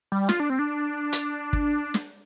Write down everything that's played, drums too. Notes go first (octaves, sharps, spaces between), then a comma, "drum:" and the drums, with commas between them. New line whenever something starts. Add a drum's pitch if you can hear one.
G3
F4, drum: snare
D4
C4
D4
drum: hi-hat
drum: kick
drum: snare